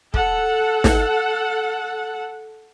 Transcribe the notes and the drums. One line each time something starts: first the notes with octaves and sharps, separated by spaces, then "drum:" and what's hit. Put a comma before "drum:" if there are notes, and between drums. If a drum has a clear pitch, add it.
A4 F#5, drum: kick
drum: snare